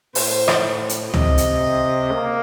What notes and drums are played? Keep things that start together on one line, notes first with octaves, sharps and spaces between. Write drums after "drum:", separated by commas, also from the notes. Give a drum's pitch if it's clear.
A2 C5, drum: open hi-hat
drum: rim click
drum: hi-hat
C3 D#5, drum: tom
drum: hi-hat
A#3